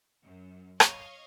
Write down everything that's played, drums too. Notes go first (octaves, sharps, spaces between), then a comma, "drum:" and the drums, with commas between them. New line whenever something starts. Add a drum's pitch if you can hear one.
F#2
C#5 D#5 F5 C#6, drum: rim click